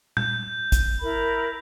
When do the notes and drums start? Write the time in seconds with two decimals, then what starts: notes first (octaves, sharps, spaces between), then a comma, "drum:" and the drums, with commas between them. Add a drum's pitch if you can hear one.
0.17 G6, drum: tom A#2
0.72 drum: kick, hi-hat
1.01 E4 A#4 B5